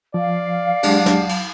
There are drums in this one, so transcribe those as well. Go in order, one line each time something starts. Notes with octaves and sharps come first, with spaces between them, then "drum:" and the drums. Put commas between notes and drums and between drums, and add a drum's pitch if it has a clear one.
F3 D5 F5
F#3 G#3 D4 G4 A5, drum: cymbal
drum: snare
drum: cymbal